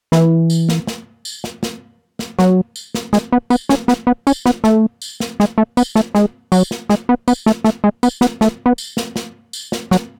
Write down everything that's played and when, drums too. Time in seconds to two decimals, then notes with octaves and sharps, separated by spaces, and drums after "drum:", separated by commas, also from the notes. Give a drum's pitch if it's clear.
0.12 E3, drum: snare
0.50 drum: tambourine
0.69 drum: snare
0.87 drum: snare
1.25 drum: tambourine
1.44 drum: snare
1.63 drum: snare
2.19 drum: snare
2.39 F#3, drum: snare
2.76 drum: tambourine
2.94 drum: snare
3.13 G#3, drum: snare
3.32 B3
3.50 B3, drum: tambourine
3.69 C#4, drum: snare
3.88 B3, drum: snare
4.07 B3
4.27 C#4, drum: tambourine
4.46 B3, drum: snare
4.64 A3, drum: snare
5.02 drum: tambourine
5.20 drum: snare
5.40 G#3, drum: snare
5.58 A3
5.77 B3, drum: tambourine
5.95 A3, drum: snare
6.15 G#3, drum: snare
6.52 F#3, drum: tambourine
6.71 drum: snare
6.89 G#3, drum: snare
7.09 B3
7.28 B3, drum: tambourine
7.46 A3, drum: snare
7.64 A3, drum: snare
7.84 G#3
8.03 B3, drum: tambourine
8.21 B3, drum: snare
8.41 A3, drum: snare
8.66 B3
8.78 drum: tambourine
8.97 drum: snare
9.16 drum: snare
9.53 drum: tambourine
9.72 drum: snare
9.91 F#3, drum: snare